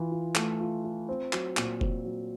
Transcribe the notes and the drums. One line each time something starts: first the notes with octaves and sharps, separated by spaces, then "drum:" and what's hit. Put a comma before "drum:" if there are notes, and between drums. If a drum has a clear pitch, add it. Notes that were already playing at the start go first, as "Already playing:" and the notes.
Already playing: E3 F4
F4
A3, drum: clap
F4
F4
C4
F#3, drum: clap
A#2, drum: clap
C4, drum: kick
F#3